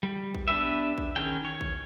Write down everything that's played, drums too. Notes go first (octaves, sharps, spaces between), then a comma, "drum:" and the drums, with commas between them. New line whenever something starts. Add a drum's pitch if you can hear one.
G3
drum: kick
B3 D4 G4 B4 E5
drum: kick
D#3 C#4 G#4 G5
C#5
drum: kick